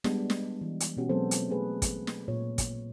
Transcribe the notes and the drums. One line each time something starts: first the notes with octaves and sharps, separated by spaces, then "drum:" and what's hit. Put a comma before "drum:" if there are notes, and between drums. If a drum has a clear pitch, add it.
G3 G#3 B3 D4, drum: snare
drum: snare
E3
drum: hi-hat
B2 B3 C#4 F#4 G4
F#3 G#3 B3 C4 A4 C5
drum: hi-hat
A3 G#4 B4
drum: kick, hi-hat
drum: snare
A#2 C#5
drum: kick, hi-hat